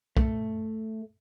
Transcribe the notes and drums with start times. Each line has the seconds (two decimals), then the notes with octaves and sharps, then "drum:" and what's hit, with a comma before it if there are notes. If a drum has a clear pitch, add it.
0.17 A3, drum: kick